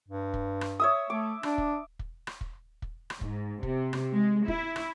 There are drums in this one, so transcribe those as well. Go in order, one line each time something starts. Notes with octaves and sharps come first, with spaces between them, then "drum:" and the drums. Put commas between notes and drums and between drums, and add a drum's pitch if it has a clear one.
G2
drum: kick
drum: rim click
C#5 E5 D#6
A3 D6
D4, drum: rim click
drum: kick
drum: kick
drum: rim click
drum: kick
drum: kick
drum: rim click
G#2, drum: kick
C3, drum: kick
drum: rim click
G#3
E4, drum: kick
drum: rim click